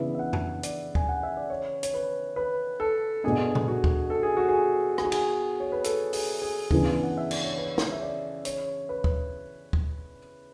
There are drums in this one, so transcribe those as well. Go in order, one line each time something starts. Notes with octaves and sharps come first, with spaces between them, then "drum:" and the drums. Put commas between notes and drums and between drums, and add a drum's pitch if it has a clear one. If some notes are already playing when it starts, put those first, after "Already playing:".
Already playing: C#3 E3 B3 D4 E5
E5
F#5
drum: tom F2
D5, drum: hi-hat
G#5, drum: kick
F#5
E5
D5
C#5
C#5, drum: hi-hat
B4
B4
A4
B2 A3 D4 G#4
drum: tom A#2
F#4
drum: kick
A4
G#4
F#4
G#4
G#4, drum: rim click
F#4
G#4, drum: cymbal
C#5
B4
A4, drum: hi-hat
G#4, drum: open hi-hat
G#4
C#3 E3 B3 D4 G#4, drum: kick
F#5
E5
D5, drum: cymbal
C#5
B4
drum: snare
E5
D5
C#5, drum: hi-hat
B4
drum: kick
drum: kick